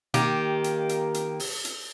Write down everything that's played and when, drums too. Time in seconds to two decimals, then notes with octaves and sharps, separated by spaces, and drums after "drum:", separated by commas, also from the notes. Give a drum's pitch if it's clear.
0.14 D#3 A#3 G4, drum: hi-hat
0.64 drum: hi-hat
0.89 drum: hi-hat
1.14 drum: hi-hat
1.40 drum: open hi-hat
1.65 drum: hi-hat